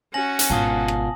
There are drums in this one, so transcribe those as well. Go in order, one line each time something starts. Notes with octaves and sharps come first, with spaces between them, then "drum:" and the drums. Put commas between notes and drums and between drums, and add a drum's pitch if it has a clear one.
C#4 F#4 G#5 A#6 F#7
drum: hi-hat
G#1 B2 F4 A5 D#6
drum: rim click